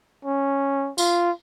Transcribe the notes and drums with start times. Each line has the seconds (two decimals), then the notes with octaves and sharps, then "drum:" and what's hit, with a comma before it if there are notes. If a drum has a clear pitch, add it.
0.25 C#4
0.98 F4, drum: tambourine